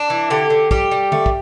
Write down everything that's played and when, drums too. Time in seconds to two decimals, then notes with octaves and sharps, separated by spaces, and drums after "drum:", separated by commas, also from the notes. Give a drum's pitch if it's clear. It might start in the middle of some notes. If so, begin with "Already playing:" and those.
Already playing: D4
0.10 E3
0.30 D3 G4
0.50 D3
0.71 G3 G4, drum: kick
0.91 G3
1.12 A3, drum: tom D3
1.26 drum: kick